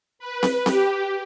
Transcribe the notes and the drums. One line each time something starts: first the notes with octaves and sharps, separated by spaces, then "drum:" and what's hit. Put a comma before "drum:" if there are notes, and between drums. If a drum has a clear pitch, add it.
B4
drum: snare C4
G4, drum: snare C4